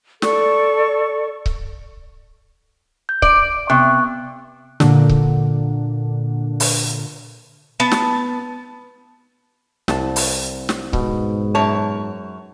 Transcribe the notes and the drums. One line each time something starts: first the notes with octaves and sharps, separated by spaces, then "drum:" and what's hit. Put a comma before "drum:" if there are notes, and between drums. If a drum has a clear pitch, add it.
A4 D5 C#6, drum: snare
drum: kick C#1
G6
D5 D7, drum: kick C#1
C3 B3 C#6 F#6
A#2 D3, drum: snare
drum: kick C#1
drum: open hi-hat
B3 A5
drum: snare
C2 A5, drum: snare
drum: open hi-hat
drum: snare
G#2 B2, drum: kick C#1
F#2 C#5 A5